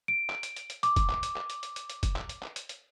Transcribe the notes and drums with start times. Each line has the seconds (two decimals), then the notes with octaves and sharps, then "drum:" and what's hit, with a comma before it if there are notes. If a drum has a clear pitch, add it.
0.08 D7
0.30 drum: clap
0.43 drum: hi-hat
0.56 drum: hi-hat
0.70 drum: hi-hat
0.83 D6, drum: hi-hat
0.96 drum: kick, hi-hat
1.10 drum: clap
1.23 drum: hi-hat
1.36 drum: clap
1.50 drum: hi-hat
1.63 drum: hi-hat
1.76 drum: hi-hat
1.90 drum: hi-hat
2.03 drum: kick, hi-hat
2.16 drum: clap
2.29 drum: hi-hat
2.43 drum: clap
2.56 drum: hi-hat
2.69 drum: hi-hat